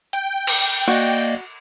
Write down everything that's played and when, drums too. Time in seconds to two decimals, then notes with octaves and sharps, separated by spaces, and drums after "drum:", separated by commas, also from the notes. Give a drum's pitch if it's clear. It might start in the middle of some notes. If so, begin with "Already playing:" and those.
0.13 G5, drum: hi-hat
0.47 drum: cymbal
0.88 A#3 F#4 D5 D#5